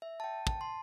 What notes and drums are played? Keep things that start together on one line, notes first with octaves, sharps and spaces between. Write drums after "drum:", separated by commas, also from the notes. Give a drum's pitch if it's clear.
E5
A5
G5
A5, drum: kick
C6